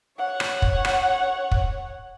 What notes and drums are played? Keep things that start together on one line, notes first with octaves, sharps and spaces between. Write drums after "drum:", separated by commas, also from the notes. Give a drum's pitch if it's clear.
C#5 F#5
drum: rim click
drum: kick
drum: rim click
drum: kick